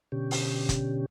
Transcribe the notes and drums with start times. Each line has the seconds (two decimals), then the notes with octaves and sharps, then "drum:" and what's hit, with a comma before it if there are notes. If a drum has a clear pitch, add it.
0.12 B2 D3 C#4 G4
0.31 drum: open hi-hat
0.69 drum: kick, hi-hat